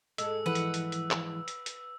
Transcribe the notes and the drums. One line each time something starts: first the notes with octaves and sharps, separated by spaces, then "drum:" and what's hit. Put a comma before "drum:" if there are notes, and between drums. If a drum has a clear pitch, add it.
G#2 G#3 A4 D#5 E6, drum: hi-hat
E3 F3 E4 B4 F#5
drum: hi-hat
drum: hi-hat
drum: hi-hat
drum: clap
drum: hi-hat
drum: hi-hat